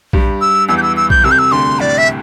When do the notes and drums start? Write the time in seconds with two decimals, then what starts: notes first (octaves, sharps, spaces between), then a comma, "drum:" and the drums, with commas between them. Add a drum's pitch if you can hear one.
0.13 G2 G3, drum: kick A#1
0.41 E6
0.69 E2 E3 E6
0.77 G6
0.83 E6
0.97 E6
1.10 G6, drum: kick A#1
1.24 C2 C3 E6
1.31 G6
1.39 E6
1.52 D2 D3 C6
1.80 A2 D5
1.98 E5